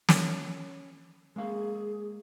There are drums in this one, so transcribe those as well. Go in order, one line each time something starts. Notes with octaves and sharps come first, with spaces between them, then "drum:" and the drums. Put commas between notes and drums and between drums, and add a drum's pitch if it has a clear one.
C#4, drum: snare
G#3 A#3 G#4 F5